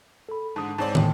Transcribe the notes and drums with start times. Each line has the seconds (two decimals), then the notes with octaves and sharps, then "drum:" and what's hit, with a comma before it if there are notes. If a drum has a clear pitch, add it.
0.29 A4 B5
0.56 G#2 D3 A5 D#6
0.78 G#2 C4 C#5 D5 G#5 A5
0.95 G1 A2 G5, drum: tom